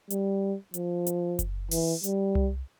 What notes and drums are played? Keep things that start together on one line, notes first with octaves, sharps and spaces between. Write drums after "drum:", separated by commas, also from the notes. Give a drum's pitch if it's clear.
G3, drum: hi-hat
F3, drum: hi-hat
drum: hi-hat
drum: kick F#1, hi-hat
E3, drum: open hi-hat
G3, drum: hi-hat
drum: tom C2